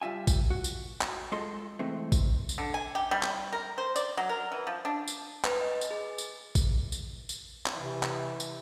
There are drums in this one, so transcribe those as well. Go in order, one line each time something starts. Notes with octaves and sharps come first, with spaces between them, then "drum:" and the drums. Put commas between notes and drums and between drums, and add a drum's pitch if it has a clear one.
G3 F4 E5 G#5
drum: kick A1, tambourine
F#4
drum: tambourine
drum: clap
G#3 F4 A4 D#5 C6
B2 E3 G#3 A3 C4
drum: kick A1, tambourine
drum: tambourine
D3
G#5
G4
G3
drum: clap
A#4
C5
D5, drum: tambourine
F#3
A#4
E3
F3
D4
drum: tambourine
B4, drum: clap
D#5
drum: tambourine
G#4
drum: tambourine
drum: kick A1, tambourine
drum: tambourine
drum: tambourine
drum: clap
C3 E3
drum: clap
drum: tambourine